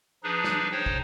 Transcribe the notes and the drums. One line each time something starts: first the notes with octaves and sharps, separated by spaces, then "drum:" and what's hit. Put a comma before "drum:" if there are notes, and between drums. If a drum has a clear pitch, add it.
F3 D4 D#4 G#4 B4
drum: snare
D#4 C5 C#5 G5
drum: kick